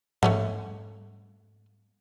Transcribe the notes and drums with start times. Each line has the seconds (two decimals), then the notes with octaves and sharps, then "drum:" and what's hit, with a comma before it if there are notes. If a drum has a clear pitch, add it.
0.23 A3 C#4 F#5, drum: tom G#2